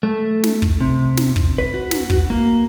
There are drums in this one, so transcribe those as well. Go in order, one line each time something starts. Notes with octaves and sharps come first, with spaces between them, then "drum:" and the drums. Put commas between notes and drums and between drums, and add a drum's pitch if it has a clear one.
A3
drum: snare
drum: kick
C3
drum: snare
drum: kick
B4
F#4
drum: snare
drum: kick
A#3